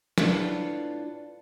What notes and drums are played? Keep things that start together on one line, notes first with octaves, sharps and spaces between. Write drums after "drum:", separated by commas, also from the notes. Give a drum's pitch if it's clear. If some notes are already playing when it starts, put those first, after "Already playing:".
A2 D4 F4 A4 B4, drum: snare